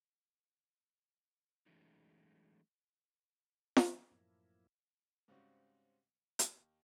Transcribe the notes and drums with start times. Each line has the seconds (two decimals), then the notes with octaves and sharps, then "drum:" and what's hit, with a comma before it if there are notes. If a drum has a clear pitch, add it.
1.66 E3 F#3 G#3 A3 C#4 D#4
3.77 drum: snare
4.11 F#2 A2 F3 A#3 E4
5.28 G#2 C#3 G3 C4 C#4 F#4
6.39 D#2, drum: hi-hat